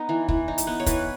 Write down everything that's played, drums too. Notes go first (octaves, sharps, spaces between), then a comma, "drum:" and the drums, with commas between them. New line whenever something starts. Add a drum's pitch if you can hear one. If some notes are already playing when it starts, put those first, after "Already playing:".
Already playing: B3 D#4 D#5
E3
E3, drum: kick
D#4
drum: hi-hat
B3
C#5
E3 B4, drum: kick, hi-hat